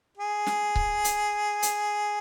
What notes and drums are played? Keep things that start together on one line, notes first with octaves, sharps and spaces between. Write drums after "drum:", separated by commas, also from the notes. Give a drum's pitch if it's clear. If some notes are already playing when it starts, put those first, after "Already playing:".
G#4
drum: snare
drum: kick C#1
drum: hi-hat
drum: hi-hat